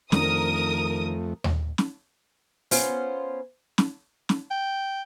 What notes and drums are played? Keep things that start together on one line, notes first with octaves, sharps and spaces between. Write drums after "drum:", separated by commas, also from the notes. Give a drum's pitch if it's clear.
F2 D#3 A3 C4 D4 A#4 D#6, drum: snare
drum: tom D#2
drum: snare
B3 C#4 F4 C5, drum: open hi-hat
drum: snare
drum: snare
G5